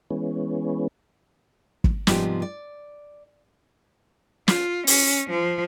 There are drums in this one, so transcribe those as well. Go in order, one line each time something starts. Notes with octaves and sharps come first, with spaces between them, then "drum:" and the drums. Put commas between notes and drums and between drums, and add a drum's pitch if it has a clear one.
E3 G#3 B3 C#4
drum: kick
G#2 C3 F3 G3 B3 G4, drum: snare
D5
F4, drum: snare
C#4, drum: open hi-hat
F3